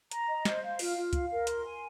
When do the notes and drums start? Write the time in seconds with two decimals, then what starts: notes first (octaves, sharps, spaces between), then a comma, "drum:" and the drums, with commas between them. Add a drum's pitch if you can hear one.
0.11 A#5, drum: hi-hat
0.29 D#5
0.45 C5, drum: snare
0.62 F5
0.79 F4, drum: open hi-hat
0.96 F4
1.13 F5, drum: kick C#2, hi-hat
1.30 A#4
1.47 C6, drum: hi-hat
1.64 G#5